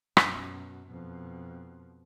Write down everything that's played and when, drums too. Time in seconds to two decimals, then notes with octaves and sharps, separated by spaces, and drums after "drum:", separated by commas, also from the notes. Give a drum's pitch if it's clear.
0.17 F#2 B2, drum: rim click
0.87 F2 B2